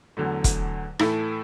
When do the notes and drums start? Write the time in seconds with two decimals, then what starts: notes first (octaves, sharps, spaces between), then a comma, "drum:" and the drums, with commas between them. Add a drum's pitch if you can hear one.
0.17 E2 D3 F#3 A3
0.44 drum: kick E1, hi-hat
0.99 A2 E3 A3 E4 A4, drum: rim click